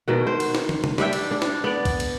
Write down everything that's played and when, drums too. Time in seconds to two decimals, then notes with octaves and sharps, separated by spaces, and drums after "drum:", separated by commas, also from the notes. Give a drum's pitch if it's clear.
0.08 B2 D#3 F#4
0.27 C5
0.40 drum: cymbal
0.55 drum: snare
0.69 drum: tom
0.84 drum: tom C3
0.98 G3 D4 E5 G5, drum: snare
1.13 drum: cymbal
1.31 D4
1.42 drum: snare
1.64 B3 D5
1.85 drum: kick C2, cymbal
2.00 drum: cymbal